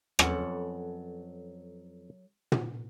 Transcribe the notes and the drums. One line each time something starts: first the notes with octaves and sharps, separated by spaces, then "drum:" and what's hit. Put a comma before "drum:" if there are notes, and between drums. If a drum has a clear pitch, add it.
F2 F#3 B3 C#4 A4 F#5, drum: rim click
drum: tom